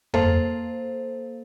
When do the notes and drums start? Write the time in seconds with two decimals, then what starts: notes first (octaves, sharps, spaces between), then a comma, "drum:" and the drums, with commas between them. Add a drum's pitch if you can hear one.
0.14 A#3 A4 C5 F5, drum: tom F2